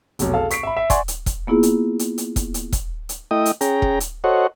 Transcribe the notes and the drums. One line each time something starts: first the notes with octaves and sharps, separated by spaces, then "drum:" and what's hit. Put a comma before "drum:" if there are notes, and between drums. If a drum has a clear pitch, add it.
F1 B1 B2, drum: hi-hat
G#4 A4 F5
C#6 B6 C7 D7, drum: hi-hat
E5 B5
E5
D5 F#5 G#5 C6 C#6, drum: kick E1, hi-hat
drum: hi-hat
drum: kick E1, hi-hat
A#3 B3 E4 F4 G#4
drum: hi-hat
drum: hi-hat
drum: hi-hat
drum: kick E1, hi-hat
drum: hi-hat
drum: kick E1, hi-hat
drum: hi-hat
A3 E4 D#5 G5 D#6
drum: hi-hat
C#4 G#4 G5 A#5, drum: hi-hat
drum: kick E1
drum: hi-hat
F#4 A4 C5 C#5 D#5 F#5